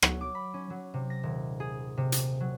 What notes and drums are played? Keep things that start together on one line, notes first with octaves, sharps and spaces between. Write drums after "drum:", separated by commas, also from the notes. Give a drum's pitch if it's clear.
F#3, drum: rim click
D6
B5
C#4
F#3
C3
A#6
D#1
G#4
C3
drum: hi-hat
F#3